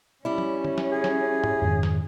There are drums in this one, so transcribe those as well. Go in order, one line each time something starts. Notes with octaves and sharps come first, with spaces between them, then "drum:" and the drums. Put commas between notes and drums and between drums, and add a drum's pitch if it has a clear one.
G3 C#4 E4
drum: tom
drum: tom
drum: snare
G#4
drum: snare
drum: tom
F2 G#2 D#3
drum: snare